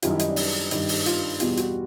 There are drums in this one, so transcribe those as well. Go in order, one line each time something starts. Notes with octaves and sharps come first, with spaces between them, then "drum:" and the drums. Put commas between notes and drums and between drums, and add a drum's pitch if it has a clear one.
F#2 D#3 G3 F4, drum: hi-hat
E4
D#4, drum: hi-hat
D4
D#4, drum: open hi-hat
G2 D#3 G3, drum: hi-hat
drum: open hi-hat
F4, drum: hi-hat
E2 B2 G3 F4, drum: hi-hat
F#4, drum: hi-hat